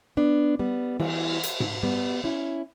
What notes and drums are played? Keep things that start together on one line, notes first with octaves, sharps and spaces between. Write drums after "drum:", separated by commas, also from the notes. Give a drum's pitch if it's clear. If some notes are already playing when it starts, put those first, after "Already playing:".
B3 D4
G3 B3
E3 G3, drum: cymbal
drum: hi-hat
drum: tom G#2
G3 B3
C#4 E4